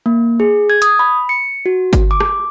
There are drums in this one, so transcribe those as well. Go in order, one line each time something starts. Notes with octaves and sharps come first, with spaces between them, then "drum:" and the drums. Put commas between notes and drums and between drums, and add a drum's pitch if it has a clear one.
A#3
G#4
G#6
D#6, drum: hi-hat
B5
C#7
F#4
drum: kick G1, hi-hat
D6
drum: rim click